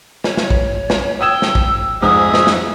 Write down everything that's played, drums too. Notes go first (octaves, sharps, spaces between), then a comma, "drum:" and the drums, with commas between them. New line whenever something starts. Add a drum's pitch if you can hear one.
C#5, drum: snare
drum: snare
drum: kick
drum: snare
G5 D#6 E6 G#6 E7
drum: snare
drum: kick
F2 G#2 G#4 E5 D#6
drum: snare
drum: snare